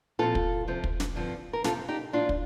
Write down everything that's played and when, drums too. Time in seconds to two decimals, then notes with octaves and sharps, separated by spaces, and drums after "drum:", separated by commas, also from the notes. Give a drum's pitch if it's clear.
0.19 A#2 F3 C4 F4 A4
0.35 drum: kick
0.67 C3 F3 C4
0.84 drum: kick
1.00 drum: snare
1.16 G2 D3 F3 C4
1.53 A#4
1.64 F2 C3 G3 C4 F4 A4, drum: snare
1.89 D#4 G4
2.13 A2 F3 C4 D4 F4
2.29 drum: kick